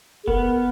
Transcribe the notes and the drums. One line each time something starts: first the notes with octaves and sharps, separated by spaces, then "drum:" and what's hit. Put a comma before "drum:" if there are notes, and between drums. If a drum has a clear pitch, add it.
G#4
B3 A#4, drum: kick F1